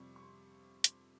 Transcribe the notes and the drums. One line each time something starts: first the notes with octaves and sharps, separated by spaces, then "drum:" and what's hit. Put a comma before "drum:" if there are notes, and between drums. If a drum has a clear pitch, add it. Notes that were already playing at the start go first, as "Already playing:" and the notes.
Already playing: F2 C3 G3 C#6
C#6
C6
drum: hi-hat